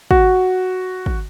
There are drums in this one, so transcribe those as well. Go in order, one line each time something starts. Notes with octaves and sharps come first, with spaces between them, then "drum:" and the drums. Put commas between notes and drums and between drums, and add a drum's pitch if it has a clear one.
F#4, drum: kick
drum: kick